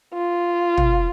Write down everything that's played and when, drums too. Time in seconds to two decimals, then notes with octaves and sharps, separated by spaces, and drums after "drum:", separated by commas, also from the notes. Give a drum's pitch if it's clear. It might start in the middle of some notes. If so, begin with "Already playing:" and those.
0.14 F4
0.77 drum: tom